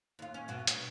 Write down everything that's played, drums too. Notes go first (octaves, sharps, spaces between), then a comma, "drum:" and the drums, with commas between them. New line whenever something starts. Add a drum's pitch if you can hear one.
D#2 F4
C#4
G2 B2 F#4
B2, drum: hi-hat